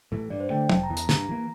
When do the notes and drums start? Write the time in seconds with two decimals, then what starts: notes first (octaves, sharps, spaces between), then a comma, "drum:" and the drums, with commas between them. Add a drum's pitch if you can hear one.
0.12 A2 E3 A3
0.30 G2 D5
0.40 C5
0.50 D3 A3 G5
0.69 F1 A5, drum: tom
0.83 A#5
0.90 E2 E3
0.97 A#5, drum: hi-hat
1.09 G2 A#5, drum: snare
1.28 E3 A#3 A#5